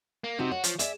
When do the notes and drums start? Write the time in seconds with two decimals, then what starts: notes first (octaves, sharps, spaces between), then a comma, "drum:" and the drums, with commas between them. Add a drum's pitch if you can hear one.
0.24 A#3
0.39 C3 C4 D#4 F#4
0.52 F#4 C#5
0.64 F3, drum: hi-hat
0.79 G#4 D5 E5, drum: hi-hat